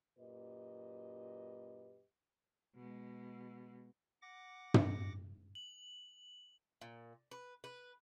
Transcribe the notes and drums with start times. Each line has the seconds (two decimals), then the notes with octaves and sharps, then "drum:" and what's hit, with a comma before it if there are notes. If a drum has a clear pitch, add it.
0.18 F#2 A#2 G4 B4 D#5
2.75 B2 G#3
4.22 F#5 D6 A#6
4.74 drum: tom
5.55 F#7
6.81 A#2
7.31 B4
7.64 B4